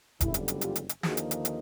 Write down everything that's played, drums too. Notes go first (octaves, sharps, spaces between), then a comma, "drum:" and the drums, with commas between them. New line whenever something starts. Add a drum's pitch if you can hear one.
F#1 F2 D3 G3 E4, drum: kick E1, hi-hat
drum: hi-hat
drum: hi-hat
F4 G4, drum: hi-hat
drum: hi-hat
drum: hi-hat
D#2 D3 F3 A#3 D#4 F#4 G#4, drum: snare
drum: hi-hat
drum: hi-hat
drum: hi-hat